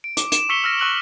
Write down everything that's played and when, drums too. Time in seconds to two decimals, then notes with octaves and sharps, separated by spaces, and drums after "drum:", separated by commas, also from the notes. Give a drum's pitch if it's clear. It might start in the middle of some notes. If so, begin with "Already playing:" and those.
0.04 D7
0.17 D6, drum: hi-hat
0.32 E7, drum: hi-hat
0.49 C#6 E6 B6 C#7 F7 G7
0.64 E6 F6 A#6
0.80 C#6 E6 F#6 E7 F#7